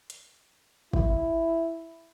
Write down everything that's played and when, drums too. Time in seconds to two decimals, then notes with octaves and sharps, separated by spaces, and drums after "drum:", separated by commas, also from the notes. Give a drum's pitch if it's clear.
0.10 drum: hi-hat
0.93 E4, drum: kick